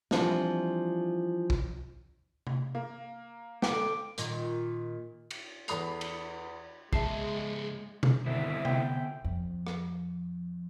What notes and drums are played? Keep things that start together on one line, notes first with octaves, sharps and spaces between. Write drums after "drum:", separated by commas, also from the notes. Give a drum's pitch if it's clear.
E3 F3 G3 C4 D4 F4, drum: snare
drum: kick
drum: tom C3
A#3
D3 B3 A4 G5 D6, drum: snare
A#2 D#3, drum: hi-hat
drum: cymbal
E2 A4 B5 D#6 C7 F7, drum: hi-hat
drum: cymbal
G#2 C#3 G#3 E5 A5 C7, drum: kick
drum: tom B2
G2 B2 D3 D#3 C4 E4 E5
D3 B3 G5, drum: tom C3
F2
drum: rim click